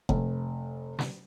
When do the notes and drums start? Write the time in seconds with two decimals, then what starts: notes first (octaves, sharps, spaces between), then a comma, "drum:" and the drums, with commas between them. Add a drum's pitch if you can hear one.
0.09 F1, drum: kick F#1
0.99 drum: snare